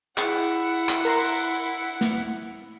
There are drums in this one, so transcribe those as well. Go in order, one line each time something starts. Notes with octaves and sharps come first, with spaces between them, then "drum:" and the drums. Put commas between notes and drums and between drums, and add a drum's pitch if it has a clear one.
E4 G#4 F#5, drum: clap
drum: clap
A#4 A#5 C6, drum: cymbal
drum: cymbal
drum: snare